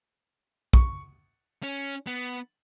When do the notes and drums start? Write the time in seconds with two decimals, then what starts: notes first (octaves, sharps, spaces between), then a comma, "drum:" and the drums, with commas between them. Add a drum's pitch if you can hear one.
0.73 C#6, drum: kick
1.63 C#4
2.07 B3